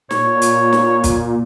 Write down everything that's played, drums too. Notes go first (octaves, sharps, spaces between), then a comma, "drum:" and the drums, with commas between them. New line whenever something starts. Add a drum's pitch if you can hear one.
A#2 C#5, drum: snare
drum: hi-hat
drum: snare
drum: kick, hi-hat